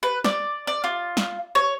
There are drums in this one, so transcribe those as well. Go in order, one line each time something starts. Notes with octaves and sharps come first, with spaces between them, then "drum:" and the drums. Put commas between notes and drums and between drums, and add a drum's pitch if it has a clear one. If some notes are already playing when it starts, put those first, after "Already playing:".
B4
D5, drum: snare
D5
F4
drum: snare
C#5